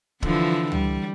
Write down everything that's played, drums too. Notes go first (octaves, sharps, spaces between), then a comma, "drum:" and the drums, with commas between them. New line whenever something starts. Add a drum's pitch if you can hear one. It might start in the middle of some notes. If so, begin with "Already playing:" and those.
D3 E3 F3, drum: kick
G3, drum: tom